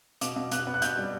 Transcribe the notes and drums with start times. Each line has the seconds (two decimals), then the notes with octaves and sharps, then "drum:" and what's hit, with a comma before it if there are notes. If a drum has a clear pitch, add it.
0.21 B2 D6, drum: hi-hat
0.36 B2
0.51 B2 F#6, drum: hi-hat
0.67 B3
0.74 F#6
0.82 B2 G6, drum: hi-hat
0.97 G3